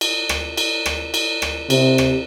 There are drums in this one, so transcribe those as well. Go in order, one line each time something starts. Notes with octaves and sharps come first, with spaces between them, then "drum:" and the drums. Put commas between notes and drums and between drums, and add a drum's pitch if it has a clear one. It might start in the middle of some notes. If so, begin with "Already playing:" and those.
drum: cymbal
drum: rim click
drum: cymbal
drum: rim click
drum: cymbal
drum: rim click
C3, drum: cymbal
drum: rim click